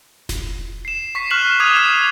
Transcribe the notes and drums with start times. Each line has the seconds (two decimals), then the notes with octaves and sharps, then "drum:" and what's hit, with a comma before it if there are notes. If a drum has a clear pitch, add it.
0.29 drum: snare E1
0.85 C7 E7
1.15 C#6 B6 C7
1.31 C#6 F6 F#6 C7 E7 F#7
1.59 D6 D#6 F6 G#6 D#7 F7
1.76 C7